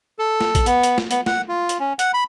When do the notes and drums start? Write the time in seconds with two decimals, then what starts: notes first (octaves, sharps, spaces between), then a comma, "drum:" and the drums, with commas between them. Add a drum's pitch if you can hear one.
0.19 A4
0.41 drum: snare
0.55 drum: kick A#1, hi-hat
0.66 B3, drum: hi-hat
0.83 drum: hi-hat
0.98 drum: snare
1.11 B3, drum: hi-hat
1.26 F#5, drum: snare
1.49 F4
1.69 drum: hi-hat
1.80 C#4
1.99 F#5, drum: hi-hat
2.14 B5